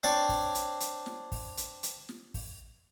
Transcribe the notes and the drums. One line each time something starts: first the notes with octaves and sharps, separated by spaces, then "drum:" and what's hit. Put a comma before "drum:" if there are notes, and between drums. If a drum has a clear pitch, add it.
C4 D4 C#5 D5, drum: snare
drum: kick, open hi-hat
drum: hi-hat
drum: hi-hat
drum: snare
drum: kick, open hi-hat
drum: hi-hat
drum: hi-hat
drum: snare
drum: kick, open hi-hat